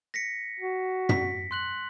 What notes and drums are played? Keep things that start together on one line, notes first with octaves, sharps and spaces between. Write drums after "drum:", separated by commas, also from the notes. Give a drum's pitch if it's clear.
A#6 B6 C#7
F#4
B6, drum: tom
C6 F#6 F#7